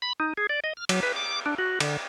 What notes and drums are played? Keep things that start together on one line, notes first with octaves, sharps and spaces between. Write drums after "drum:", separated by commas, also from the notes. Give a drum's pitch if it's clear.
B5
D#4
G#4
D5
D#5
F6
F#3, drum: cymbal
B4
D6
D4
F#4
D3, drum: cymbal